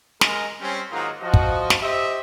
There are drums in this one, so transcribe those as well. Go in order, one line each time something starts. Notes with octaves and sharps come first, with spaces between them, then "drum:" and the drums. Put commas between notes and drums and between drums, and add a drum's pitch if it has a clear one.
G#3 A#4 A#5, drum: snare
G3 C4 C#4
G#2 D#3 F#3 A#3 D#4 F4
F3 F#4 D#5
drum: kick
drum: snare
G4 C5 D#5 E5